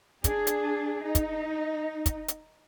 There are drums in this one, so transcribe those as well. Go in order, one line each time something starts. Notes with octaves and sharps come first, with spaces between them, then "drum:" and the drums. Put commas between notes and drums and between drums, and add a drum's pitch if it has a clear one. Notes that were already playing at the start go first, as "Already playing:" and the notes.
D4 G#4, drum: kick, hi-hat
drum: hi-hat
D#4
drum: kick, hi-hat
drum: kick, hi-hat
drum: hi-hat